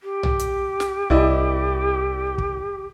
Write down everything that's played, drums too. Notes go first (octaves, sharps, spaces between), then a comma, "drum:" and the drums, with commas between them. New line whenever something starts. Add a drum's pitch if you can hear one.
G4
drum: tom B1
drum: hi-hat
drum: snare
C2 E4 D5 D#5
drum: kick